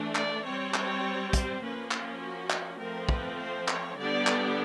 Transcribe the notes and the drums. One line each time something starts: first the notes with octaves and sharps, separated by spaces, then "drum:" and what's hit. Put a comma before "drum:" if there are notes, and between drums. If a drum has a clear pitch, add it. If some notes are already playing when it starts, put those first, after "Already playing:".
Already playing: E3 A3 D4
D5, drum: clap
G3 C4 C#5
C#5, drum: clap
C5, drum: kick, hi-hat
F3 A#3 C#4 B4
F4, drum: clap
F#4
drum: clap
F3 A3 C4 A#4
B4, drum: kick
C5
C#5, drum: clap
D3 G3 B3 D4 D5
drum: clap